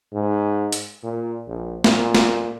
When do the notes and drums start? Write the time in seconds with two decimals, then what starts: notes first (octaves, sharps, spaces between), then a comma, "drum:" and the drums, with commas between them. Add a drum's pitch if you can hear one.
0.13 G#2
0.72 drum: hi-hat
1.03 A#2
1.48 A#1
1.84 A#2, drum: snare
2.15 drum: snare